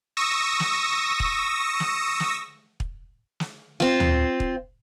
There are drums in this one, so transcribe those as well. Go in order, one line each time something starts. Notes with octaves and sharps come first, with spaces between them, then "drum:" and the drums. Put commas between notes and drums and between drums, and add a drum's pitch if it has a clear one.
C#6 D#6 E6 A#6
drum: snare
drum: kick
drum: snare
drum: snare
drum: kick
drum: snare
C4 F4, drum: snare
drum: tom
drum: kick